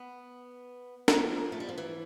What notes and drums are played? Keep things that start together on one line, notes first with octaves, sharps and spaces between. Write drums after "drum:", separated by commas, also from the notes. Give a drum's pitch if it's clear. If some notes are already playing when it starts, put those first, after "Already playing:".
Already playing: B3
F3, drum: snare
A3
G3
F3
E3